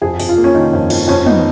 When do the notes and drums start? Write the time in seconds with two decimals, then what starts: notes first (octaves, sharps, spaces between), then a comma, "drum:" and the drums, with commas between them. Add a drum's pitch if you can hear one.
0.02 F2 G#4
0.20 F2, drum: open hi-hat
0.29 F4
0.38 A#3
0.44 C#4
0.55 D#3 D#4
0.73 F2
0.90 F2, drum: cymbal
1.08 F2 C#4
1.26 B3 D#4, drum: tom